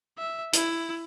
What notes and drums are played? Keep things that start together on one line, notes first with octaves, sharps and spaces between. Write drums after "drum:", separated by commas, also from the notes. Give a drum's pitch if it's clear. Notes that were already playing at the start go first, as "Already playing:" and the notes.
E5
E4, drum: hi-hat